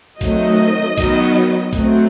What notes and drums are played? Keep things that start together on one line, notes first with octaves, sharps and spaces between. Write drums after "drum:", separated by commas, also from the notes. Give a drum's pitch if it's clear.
D#3 F#3 A3 C4 D#5, drum: kick B1, hi-hat
D#3 F#3 B3, drum: kick B1, hi-hat
F#3 A3 C4, drum: kick B1, hi-hat